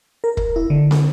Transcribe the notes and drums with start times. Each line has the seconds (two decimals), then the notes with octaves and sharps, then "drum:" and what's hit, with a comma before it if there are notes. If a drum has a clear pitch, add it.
0.24 A#4
0.37 drum: kick
0.56 E4
0.70 D3
0.91 drum: snare